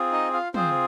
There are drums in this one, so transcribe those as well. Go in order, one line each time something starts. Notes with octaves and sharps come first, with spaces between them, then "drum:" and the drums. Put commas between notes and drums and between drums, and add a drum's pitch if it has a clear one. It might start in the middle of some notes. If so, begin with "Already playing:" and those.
Already playing: C4 F4 G#4
D#4 D#5
F4 F5
C4 F4 G#4 C5, drum: tom